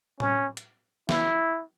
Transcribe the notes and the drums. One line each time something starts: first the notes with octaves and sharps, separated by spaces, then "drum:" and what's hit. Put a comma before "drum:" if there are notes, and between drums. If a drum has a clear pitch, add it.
C#4, drum: tom A2
drum: hi-hat
E4, drum: snare